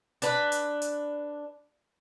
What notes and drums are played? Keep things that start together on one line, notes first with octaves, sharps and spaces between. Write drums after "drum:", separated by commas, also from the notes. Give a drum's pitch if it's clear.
D4 B4, drum: hi-hat
drum: hi-hat
drum: hi-hat